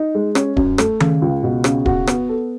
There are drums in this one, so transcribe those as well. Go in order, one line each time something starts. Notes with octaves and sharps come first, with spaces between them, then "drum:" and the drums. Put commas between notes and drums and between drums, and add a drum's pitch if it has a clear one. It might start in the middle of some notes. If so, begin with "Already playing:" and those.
Already playing: D#4
G#3
C#4, drum: rim click
F#2, drum: kick D1
A3, drum: rim click
C#3, drum: tom D#3
C#2
B2
C#3, drum: rim click
F#4, drum: kick D1
B3, drum: rim click
A4